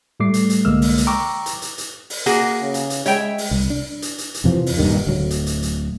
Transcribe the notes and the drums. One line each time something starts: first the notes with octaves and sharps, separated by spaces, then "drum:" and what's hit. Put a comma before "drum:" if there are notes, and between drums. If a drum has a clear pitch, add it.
A2 G3 A3 D6 C7
drum: hi-hat
drum: hi-hat
C2 D3 G#3 A#3 E6 F6
drum: open hi-hat
drum: hi-hat
G5 A#5 C#6 D6 E6
drum: hi-hat
drum: hi-hat
drum: hi-hat
drum: open hi-hat
A#3 F#4 G#4, drum: hi-hat
C#3
drum: hi-hat
drum: hi-hat
G#3 C#5 E5 G5, drum: hi-hat
drum: open hi-hat
C2
D4
drum: hi-hat
drum: hi-hat
drum: hi-hat
F2 C3 E3 F3
drum: open hi-hat
D#1 A#1 G2 D#3
D1 D2 F#3
drum: hi-hat
drum: hi-hat
drum: hi-hat